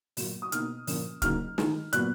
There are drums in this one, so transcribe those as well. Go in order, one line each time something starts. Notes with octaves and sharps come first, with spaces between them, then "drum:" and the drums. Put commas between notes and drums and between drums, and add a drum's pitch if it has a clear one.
A#2 F#3 A#3, drum: open hi-hat
D#6
B2 A#3 D#4 F6, drum: hi-hat
A#2 F3 A#3 C#4, drum: open hi-hat
C#3 F#3 A#3 D#4 F6, drum: kick, hi-hat
D#3 G#3 D#4, drum: snare
A#2 F#3 B3 F#6, drum: hi-hat